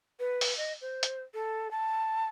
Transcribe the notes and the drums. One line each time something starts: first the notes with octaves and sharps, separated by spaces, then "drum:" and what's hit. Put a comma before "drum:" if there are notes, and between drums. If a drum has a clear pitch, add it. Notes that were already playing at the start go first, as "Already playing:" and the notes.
B4
drum: open hi-hat
D#5
C5
drum: hi-hat
A4
A5